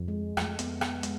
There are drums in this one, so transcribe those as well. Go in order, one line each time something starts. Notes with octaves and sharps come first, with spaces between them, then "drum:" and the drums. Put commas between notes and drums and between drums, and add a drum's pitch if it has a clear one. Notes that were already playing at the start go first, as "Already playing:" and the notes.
Already playing: F2
G#3
F2 A3, drum: rim click
B3, drum: hi-hat
B3, drum: rim click
G#3, drum: hi-hat